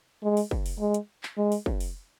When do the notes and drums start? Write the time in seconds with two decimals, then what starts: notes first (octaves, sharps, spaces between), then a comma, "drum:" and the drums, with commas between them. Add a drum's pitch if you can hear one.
0.23 G#3
0.37 drum: open hi-hat
0.51 drum: kick
0.66 drum: open hi-hat
0.79 G#3
0.94 drum: hi-hat
1.23 drum: clap
1.37 G#3
1.52 drum: open hi-hat
1.66 drum: kick
1.80 drum: open hi-hat